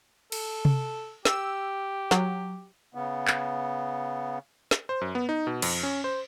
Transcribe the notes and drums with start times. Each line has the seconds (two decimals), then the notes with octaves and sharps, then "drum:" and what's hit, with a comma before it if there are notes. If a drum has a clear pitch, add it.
0.32 A4, drum: cymbal
0.65 drum: tom C3
1.25 G4 E6, drum: snare
2.11 F#3, drum: snare
2.95 C#3 B3
3.28 drum: clap
4.71 drum: snare
4.89 C5
5.01 F#2
5.15 B3
5.29 D#4
5.47 B2
5.62 F2, drum: cymbal
5.83 C#4
6.04 C5